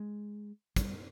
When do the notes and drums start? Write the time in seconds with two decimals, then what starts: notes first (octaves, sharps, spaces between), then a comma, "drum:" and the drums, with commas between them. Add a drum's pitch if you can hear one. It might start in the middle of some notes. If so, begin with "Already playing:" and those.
Already playing: G#3
0.76 G3, drum: kick, hi-hat